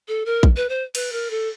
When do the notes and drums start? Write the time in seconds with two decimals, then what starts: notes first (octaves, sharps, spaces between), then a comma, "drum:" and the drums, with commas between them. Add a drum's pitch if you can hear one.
0.08 A4
0.26 A#4
0.43 drum: kick
0.56 B4
0.69 C5
0.95 B4, drum: cymbal
1.12 A#4
1.30 A4